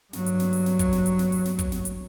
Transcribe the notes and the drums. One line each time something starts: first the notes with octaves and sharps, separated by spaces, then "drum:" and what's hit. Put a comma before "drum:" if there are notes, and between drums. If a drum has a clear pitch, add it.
G2 F#3, drum: snare
drum: hi-hat
drum: snare
drum: open hi-hat
drum: snare
drum: kick, hi-hat
drum: snare
drum: hi-hat
drum: snare
drum: open hi-hat
drum: snare
drum: kick, hi-hat
drum: snare
drum: hi-hat